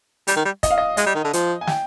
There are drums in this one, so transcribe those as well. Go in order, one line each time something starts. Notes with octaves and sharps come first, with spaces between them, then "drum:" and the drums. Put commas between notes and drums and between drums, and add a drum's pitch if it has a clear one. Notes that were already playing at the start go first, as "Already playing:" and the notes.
G3, drum: hi-hat
D#3
G3
D#5, drum: kick, hi-hat
F5
D#5
G#3 D#5, drum: hi-hat
G3
D#3
D3
F3, drum: hi-hat
G#5
G5, drum: snare